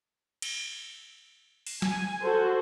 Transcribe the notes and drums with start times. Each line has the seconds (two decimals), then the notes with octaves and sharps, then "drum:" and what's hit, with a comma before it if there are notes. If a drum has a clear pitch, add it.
0.42 drum: cymbal
1.67 drum: open hi-hat
1.82 G#5, drum: snare
2.22 F#4 A4 C5